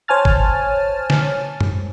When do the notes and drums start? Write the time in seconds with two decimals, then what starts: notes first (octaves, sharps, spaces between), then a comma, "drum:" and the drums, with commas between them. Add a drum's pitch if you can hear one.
0.08 C5 C#5 G#5 A5 F6 A6
0.25 drum: kick
1.10 drum: snare
1.60 drum: tom F#2